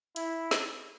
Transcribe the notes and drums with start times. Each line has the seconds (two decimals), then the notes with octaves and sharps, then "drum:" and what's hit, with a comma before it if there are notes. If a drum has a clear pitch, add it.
0.16 E4, drum: hi-hat
0.51 drum: snare